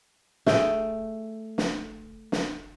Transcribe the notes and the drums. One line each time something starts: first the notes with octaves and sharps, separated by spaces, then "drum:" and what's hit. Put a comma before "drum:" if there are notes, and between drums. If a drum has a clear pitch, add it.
A3 G#4 G5, drum: snare
drum: snare
drum: snare